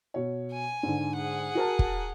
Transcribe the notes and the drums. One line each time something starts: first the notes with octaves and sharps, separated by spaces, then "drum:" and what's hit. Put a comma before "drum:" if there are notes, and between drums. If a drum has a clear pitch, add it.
B2 C#5
G#5
G#2 D3
G#4 F#5
F#4 A#4 A5
drum: kick